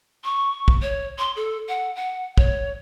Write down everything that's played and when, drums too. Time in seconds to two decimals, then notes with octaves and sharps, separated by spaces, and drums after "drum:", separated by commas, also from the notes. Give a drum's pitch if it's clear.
0.24 C#6
0.68 drum: kick
0.82 C#5
1.19 C6
1.36 A4
1.69 F#5
1.96 F#5
2.38 C#5, drum: kick